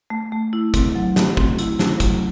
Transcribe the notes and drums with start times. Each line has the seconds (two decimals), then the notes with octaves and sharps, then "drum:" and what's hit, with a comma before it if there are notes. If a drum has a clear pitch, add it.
0.10 A3
0.32 A3
0.53 E4
0.74 C4, drum: kick, hi-hat
0.95 F#3
1.16 A3, drum: snare
1.37 C4, drum: kick
1.58 E4, drum: hi-hat
1.79 A3, drum: snare
2.00 F#3, drum: kick, hi-hat